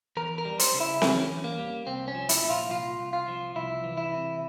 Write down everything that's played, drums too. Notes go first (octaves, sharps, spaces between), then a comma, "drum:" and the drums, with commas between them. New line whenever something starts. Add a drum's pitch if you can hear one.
E2 A#4
A#4
G3
C5, drum: hi-hat
C#3
E4
E2 C#4, drum: snare C4
E2
A#3
G3
C2 C4
C#4
F3
E4, drum: hi-hat
A#2
F4
C2 F4
C2
F4
F3
C2 E4
E3
E4
C3